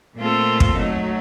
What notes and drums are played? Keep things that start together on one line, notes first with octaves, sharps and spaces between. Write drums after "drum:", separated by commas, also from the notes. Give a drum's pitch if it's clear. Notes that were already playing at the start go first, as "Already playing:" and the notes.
A#2 A3 C4 F4 A4
drum: kick
F#3 A3 D#4